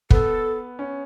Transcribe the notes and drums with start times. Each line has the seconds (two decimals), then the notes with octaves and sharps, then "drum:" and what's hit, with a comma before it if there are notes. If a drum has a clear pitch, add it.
0.10 B3 A4, drum: kick
0.79 C#4